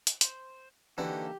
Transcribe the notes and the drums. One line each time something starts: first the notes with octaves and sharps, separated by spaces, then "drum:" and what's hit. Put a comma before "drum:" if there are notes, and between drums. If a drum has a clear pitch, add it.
drum: hi-hat
C5, drum: hi-hat
D3 E3 A#3 D#4 F#4 G4 A4